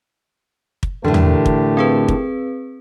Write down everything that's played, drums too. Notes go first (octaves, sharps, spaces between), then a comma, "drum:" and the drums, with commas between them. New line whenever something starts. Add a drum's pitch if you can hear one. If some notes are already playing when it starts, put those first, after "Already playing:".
drum: kick
A2 D3 E3 A3 G4 A#4
drum: tom E2
drum: kick
C4 G#4 B4
drum: kick